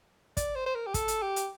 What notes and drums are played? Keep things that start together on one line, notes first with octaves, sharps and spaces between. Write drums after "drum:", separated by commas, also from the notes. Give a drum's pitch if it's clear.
D5, drum: kick, hi-hat
C5
C5
A#4
G4
A4, drum: kick, hi-hat
drum: hi-hat
G4
drum: hi-hat